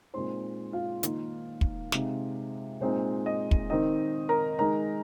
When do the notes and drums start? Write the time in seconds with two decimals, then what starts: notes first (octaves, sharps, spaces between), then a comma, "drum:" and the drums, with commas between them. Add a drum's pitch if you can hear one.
0.14 A#2 G#3 C4 D#4 C5 C6
0.73 F4 F5
1.03 D#3 A#3 D#4, drum: hi-hat
1.61 drum: kick
1.92 C3 G#3 C4 D#4, drum: snare
2.81 A#2 G#3 C4 D#4 C5
3.26 D#5
3.51 drum: kick
3.70 D#3 C4 D#4 D#5
4.29 A#4 A#5
4.59 D#3 G#3 D#4 A#4 A#5